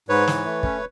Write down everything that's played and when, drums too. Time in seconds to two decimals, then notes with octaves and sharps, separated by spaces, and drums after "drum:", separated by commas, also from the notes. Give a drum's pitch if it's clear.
0.09 G#2 B4 C#5
0.28 E3, drum: snare
0.45 A3
0.63 C#4, drum: kick